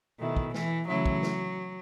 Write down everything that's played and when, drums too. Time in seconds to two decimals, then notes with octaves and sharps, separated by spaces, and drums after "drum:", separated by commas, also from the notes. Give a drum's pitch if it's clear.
0.19 B2 D#3 A3 E4
0.36 drum: kick
0.54 E3, drum: snare
0.88 C#3 E3 F#3 A3 C#4 E4
1.06 drum: kick
1.23 drum: snare